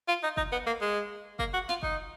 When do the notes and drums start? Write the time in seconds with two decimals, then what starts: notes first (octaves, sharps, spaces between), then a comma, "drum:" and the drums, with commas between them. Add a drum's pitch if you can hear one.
0.08 F4
0.23 D#4
0.37 D#4, drum: kick
0.52 B3
0.67 A#3
0.81 G#3
1.39 A#3, drum: kick
1.53 F#4
1.69 F4, drum: snare
1.83 D#4, drum: kick